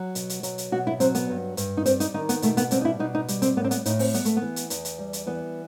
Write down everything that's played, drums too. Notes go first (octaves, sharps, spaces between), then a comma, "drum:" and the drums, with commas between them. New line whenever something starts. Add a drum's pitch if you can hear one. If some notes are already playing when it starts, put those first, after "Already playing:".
Already playing: F#3
B2, drum: hi-hat
drum: hi-hat
F#3, drum: hi-hat
drum: hi-hat
B2 F#4
E4
F#3 C4, drum: hi-hat
B3, drum: hi-hat
G2
G2, drum: hi-hat
D#4
G3 C4, drum: hi-hat
D#4, drum: hi-hat
D#3 D#4
B3, drum: hi-hat
B2 A3, drum: hi-hat
B3, drum: hi-hat
G3 C4, drum: hi-hat
D#4
E4
B2 D#4
D#4
G3, drum: hi-hat
C4, drum: hi-hat
A2 B3
C4
B3, drum: hi-hat
A2 D#4, drum: hi-hat
C4, drum: open hi-hat
G3 B3, drum: hi-hat
A3, drum: hi-hat
B3
E3
drum: hi-hat
E2, drum: hi-hat
drum: hi-hat
G3
drum: hi-hat
E3 B3